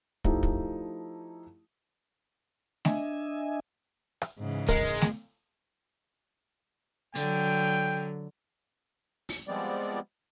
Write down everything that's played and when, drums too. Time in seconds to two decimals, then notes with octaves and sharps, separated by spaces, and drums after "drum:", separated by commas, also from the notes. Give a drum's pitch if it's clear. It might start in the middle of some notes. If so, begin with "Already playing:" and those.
0.24 F3 A3 D#4 E4 G4, drum: kick
0.43 drum: kick
2.85 D4 D#5 E5 G#5, drum: snare A3
4.22 drum: rim click
4.39 G#2 C#3 E3
4.69 G#3 A#4, drum: kick
5.02 drum: snare A3
7.15 D3 F#3 G5, drum: hi-hat
9.29 drum: open hi-hat
9.48 F3 G3 G#3 B3 C4 D5